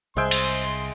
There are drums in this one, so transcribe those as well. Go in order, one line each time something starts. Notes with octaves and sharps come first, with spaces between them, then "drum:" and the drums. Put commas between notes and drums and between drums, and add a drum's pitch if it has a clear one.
C2 G#3 C5 E5 G5 C6
drum: cymbal